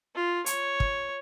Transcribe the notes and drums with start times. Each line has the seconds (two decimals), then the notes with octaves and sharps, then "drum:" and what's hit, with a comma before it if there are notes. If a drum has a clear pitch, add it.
0.15 F4
0.46 C#5, drum: hi-hat
0.80 drum: kick